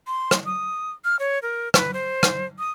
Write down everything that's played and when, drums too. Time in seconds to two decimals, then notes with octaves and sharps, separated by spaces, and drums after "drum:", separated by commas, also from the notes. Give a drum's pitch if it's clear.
0.07 C6
0.31 drum: rim click
0.46 D#6
1.04 F6
1.19 C#5
1.42 A#4
1.74 B4, drum: rim click
1.93 C5
2.23 drum: rim click
2.59 D#6